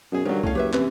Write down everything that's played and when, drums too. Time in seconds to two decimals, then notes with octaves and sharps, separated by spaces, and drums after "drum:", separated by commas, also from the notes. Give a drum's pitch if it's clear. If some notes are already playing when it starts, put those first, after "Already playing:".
0.12 F#2 B2 G#4
0.25 G2 D3 D#3 F#3 A#4 C#5
0.43 A2 C#4 A4 C#5 F5, drum: kick C2
0.55 F#1 G4 B4 E5
0.73 F#2 C3 E3 B4, drum: clap